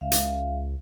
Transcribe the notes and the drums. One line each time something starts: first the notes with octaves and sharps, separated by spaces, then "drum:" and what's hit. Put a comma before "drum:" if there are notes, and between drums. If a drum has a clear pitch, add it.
C#2 E5 F5
drum: hi-hat